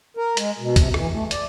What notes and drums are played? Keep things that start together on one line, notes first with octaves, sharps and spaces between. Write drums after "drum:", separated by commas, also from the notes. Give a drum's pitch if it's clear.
A#4
G#3, drum: hi-hat
B2
C3, drum: kick, hi-hat
E3, drum: rim click
A3
D5, drum: hi-hat